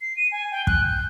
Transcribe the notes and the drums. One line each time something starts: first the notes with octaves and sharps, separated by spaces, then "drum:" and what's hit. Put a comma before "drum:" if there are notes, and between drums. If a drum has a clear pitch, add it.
C7
D#7
G#5
G5
F#6, drum: kick
G6